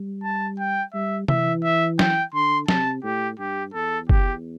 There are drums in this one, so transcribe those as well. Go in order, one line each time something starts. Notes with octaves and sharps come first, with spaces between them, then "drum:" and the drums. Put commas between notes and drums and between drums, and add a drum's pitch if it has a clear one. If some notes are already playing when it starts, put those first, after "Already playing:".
Already playing: G3
A5
G5
G3 E5
E3 E5, drum: tom C3
E5
G5, drum: snare
D3 C6
C3 A5, drum: snare
A2 G4
G2 G4
E2 A4
G4, drum: kick F#1